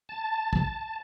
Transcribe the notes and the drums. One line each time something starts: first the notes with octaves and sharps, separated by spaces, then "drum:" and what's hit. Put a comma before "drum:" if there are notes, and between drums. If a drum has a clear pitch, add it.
A5
drum: kick